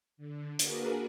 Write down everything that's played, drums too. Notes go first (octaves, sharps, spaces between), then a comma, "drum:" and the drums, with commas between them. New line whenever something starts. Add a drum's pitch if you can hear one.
D3
A#3 D4 F#4 G#4 A#4 B4, drum: hi-hat